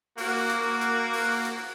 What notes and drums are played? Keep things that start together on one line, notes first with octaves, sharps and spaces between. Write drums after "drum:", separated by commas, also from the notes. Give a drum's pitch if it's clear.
A#3 F#4, drum: open hi-hat
drum: hi-hat
drum: hi-hat
drum: open hi-hat
drum: hi-hat